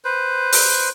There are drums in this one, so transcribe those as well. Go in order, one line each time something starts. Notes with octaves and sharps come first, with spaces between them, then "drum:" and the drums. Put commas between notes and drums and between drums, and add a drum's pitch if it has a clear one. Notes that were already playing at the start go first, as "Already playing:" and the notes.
B4 C5
drum: open hi-hat